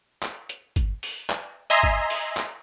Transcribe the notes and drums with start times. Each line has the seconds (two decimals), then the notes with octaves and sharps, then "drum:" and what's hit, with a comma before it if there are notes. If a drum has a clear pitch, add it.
0.23 drum: clap
0.49 drum: hi-hat
0.76 drum: kick G1, hi-hat
1.03 drum: open hi-hat
1.30 drum: clap
1.70 D#5 E5 G#5 A#5 C6
1.83 drum: kick G1
2.10 drum: open hi-hat
2.37 drum: clap